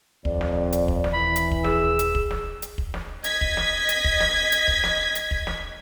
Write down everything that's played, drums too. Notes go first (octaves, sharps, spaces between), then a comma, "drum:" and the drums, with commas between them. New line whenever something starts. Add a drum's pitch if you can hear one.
D#1 F2 C4 D5, drum: kick
drum: snare
drum: hi-hat
drum: kick
drum: snare
E3 B5
drum: hi-hat
drum: kick
G#4 E6, drum: snare
drum: hi-hat
drum: kick
drum: snare
drum: hi-hat
drum: kick
drum: snare
D#5 G#6 B6, drum: hi-hat
drum: kick
drum: snare
drum: hi-hat
drum: kick
drum: snare
drum: hi-hat
drum: kick
drum: snare
drum: hi-hat
drum: kick
drum: snare